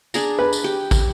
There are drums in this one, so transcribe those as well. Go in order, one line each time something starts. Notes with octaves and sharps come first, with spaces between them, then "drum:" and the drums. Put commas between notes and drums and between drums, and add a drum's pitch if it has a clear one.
D4 G#4 A#5, drum: tambourine
B4
drum: tambourine
G4
drum: kick, tambourine